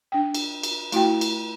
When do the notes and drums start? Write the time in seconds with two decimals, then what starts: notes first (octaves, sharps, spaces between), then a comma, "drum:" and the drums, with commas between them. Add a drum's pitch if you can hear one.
0.12 D4 G5
0.34 drum: cymbal
0.63 drum: cymbal
0.92 A3 E4 F#4 G5, drum: cymbal
1.21 drum: cymbal